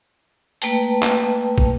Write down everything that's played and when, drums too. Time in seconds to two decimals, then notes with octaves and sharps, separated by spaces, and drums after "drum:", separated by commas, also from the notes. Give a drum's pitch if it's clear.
0.62 A3 A#3 B4 G5 A5, drum: hi-hat
1.02 drum: clap
1.58 drum: kick